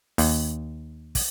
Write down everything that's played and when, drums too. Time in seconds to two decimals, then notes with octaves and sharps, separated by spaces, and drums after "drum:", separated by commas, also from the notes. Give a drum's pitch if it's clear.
0.18 D#2, drum: open hi-hat
1.15 drum: kick, open hi-hat